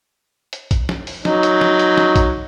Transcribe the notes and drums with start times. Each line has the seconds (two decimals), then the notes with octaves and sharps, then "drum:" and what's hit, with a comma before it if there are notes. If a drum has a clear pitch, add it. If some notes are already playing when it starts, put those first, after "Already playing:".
0.53 drum: hi-hat
0.71 drum: kick, hi-hat
0.89 drum: snare
1.07 drum: open hi-hat
1.25 F#3 D#4, drum: snare
1.43 drum: hi-hat
1.61 drum: snare
1.79 drum: hi-hat
1.98 drum: snare
2.16 drum: kick, hi-hat